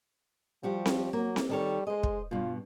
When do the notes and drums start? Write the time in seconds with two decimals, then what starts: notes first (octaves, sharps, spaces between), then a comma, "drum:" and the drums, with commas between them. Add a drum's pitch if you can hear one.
0.63 F3 G3 F#4 G4
0.86 drum: snare C4
1.13 F#3 A#3
1.36 drum: snare C4
1.49 D#3 G3 A4 C#5
1.87 G#3 C5 D#5
2.03 drum: kick
2.31 G2 B2 F4